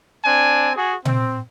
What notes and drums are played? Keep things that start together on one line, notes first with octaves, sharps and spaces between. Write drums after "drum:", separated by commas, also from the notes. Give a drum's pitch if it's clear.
C4 D4 G#5
F#4 G#4
C4, drum: tom A#2